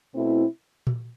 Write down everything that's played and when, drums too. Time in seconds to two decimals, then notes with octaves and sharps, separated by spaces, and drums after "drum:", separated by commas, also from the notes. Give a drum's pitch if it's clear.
0.14 B2 A3 C4 E4
0.87 drum: tom A#2